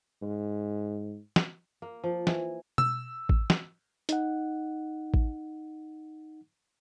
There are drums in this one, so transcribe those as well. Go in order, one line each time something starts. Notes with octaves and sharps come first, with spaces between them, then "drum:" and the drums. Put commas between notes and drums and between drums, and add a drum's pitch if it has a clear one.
G#2
drum: snare
A#3
F3
E3, drum: snare
E6, drum: tom B2
drum: kick A1
drum: snare
D#4 F#5, drum: hi-hat
drum: kick A1